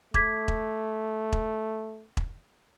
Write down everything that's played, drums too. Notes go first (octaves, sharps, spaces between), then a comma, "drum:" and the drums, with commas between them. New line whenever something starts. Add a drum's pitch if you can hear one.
A3 D6 G#6 B6, drum: kick E1
drum: kick E1
drum: kick E1
drum: kick E1